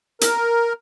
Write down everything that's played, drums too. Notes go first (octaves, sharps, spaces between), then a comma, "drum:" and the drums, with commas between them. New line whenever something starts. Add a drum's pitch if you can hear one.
A#4, drum: hi-hat